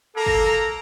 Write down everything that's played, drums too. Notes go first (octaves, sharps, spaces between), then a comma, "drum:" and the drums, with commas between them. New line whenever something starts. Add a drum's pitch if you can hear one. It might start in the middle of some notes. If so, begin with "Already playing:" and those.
A#3 A4 A#5
drum: kick